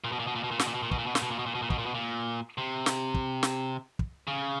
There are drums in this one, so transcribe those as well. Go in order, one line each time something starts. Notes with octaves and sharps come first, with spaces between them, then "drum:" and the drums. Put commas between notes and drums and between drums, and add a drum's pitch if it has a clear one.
A#2
B2
A#2
B2
A#2
B2
A#2
B2, drum: snare
A#2
B2
A#2
B2, drum: kick
A#2
B2
A#2, drum: snare
B2
A#2
B2
A#2
B2
A#2
B2, drum: kick
A#2
B2
A#2
C3
drum: snare
drum: kick
drum: snare
drum: kick
C#3